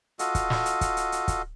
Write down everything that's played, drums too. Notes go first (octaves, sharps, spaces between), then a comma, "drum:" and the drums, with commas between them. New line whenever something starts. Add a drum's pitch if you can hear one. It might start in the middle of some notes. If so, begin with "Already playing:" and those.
F4 F#4 A4 D#5, drum: hi-hat
drum: kick, hi-hat
drum: snare
drum: hi-hat
drum: kick, hi-hat
drum: hi-hat
drum: hi-hat
drum: kick, hi-hat